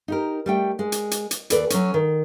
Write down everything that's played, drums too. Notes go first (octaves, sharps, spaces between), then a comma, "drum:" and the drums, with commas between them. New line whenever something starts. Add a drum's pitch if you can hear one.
D#4 G4 A#4
G3 A3 G5
G#3
drum: hi-hat
drum: hi-hat
drum: hi-hat
D#2 A4 B4 D5, drum: hi-hat
F#3 C#4, drum: hi-hat
D#3